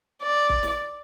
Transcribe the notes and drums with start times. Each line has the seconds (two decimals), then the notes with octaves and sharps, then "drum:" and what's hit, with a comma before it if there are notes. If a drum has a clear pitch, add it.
0.22 D5
0.49 drum: kick
0.63 drum: snare